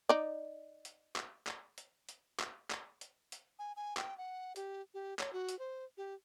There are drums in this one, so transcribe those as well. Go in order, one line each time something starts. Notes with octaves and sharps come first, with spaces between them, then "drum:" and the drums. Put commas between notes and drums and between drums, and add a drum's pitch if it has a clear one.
D#4 D5
drum: hi-hat
drum: clap
drum: clap
drum: hi-hat
drum: hi-hat
drum: clap
drum: clap
drum: hi-hat
drum: hi-hat
G#5
G#5
G5, drum: clap
F#5
G4, drum: hi-hat
G4
C#5, drum: clap
F#4
drum: hi-hat
C5
G4